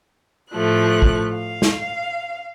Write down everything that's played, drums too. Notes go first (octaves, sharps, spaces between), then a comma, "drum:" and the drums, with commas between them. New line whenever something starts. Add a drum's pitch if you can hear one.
A2 F3 A3 F#6
drum: kick A1
F5
drum: snare